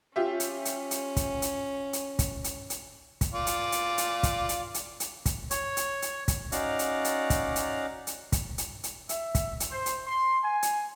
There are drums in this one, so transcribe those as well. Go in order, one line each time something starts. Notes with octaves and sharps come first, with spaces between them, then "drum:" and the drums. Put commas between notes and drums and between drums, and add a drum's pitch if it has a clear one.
C#4 F4 G4 E5
drum: hi-hat
drum: hi-hat
drum: hi-hat
drum: kick, hi-hat
drum: hi-hat
drum: hi-hat
drum: kick, hi-hat
drum: hi-hat
drum: hi-hat
drum: kick, hi-hat
F4 D5
drum: hi-hat
drum: hi-hat
drum: hi-hat
drum: kick, hi-hat
drum: hi-hat
drum: hi-hat
drum: hi-hat
drum: kick, hi-hat
C#5, drum: hi-hat
drum: hi-hat
drum: hi-hat
drum: kick, hi-hat
C#4 D#4 F#4 D5 F5 A#5, drum: hi-hat
drum: hi-hat
drum: hi-hat
drum: kick, hi-hat
drum: hi-hat
drum: hi-hat
drum: kick, hi-hat
drum: hi-hat
drum: hi-hat
E5, drum: hi-hat
drum: kick, hi-hat
drum: hi-hat
C5
drum: hi-hat
C6
G#5
drum: hi-hat